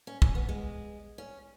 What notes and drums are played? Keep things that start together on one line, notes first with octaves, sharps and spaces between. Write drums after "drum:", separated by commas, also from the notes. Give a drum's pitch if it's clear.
C#4
C#4, drum: kick
B3
G#3
C#4